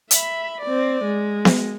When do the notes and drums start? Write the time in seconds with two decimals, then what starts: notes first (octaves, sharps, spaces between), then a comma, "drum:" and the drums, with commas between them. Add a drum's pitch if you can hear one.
0.11 E5 B5, drum: hi-hat
0.61 C4 D5
1.04 G#3
1.45 drum: snare B3